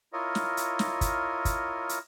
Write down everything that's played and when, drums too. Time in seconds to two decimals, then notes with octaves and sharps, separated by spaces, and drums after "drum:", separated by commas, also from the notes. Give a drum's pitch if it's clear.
0.13 E4 F4 A#4 C#5 D#5
0.35 drum: snare
0.57 drum: hi-hat
0.79 drum: snare
1.01 drum: kick, hi-hat
1.45 drum: kick, hi-hat
1.89 drum: hi-hat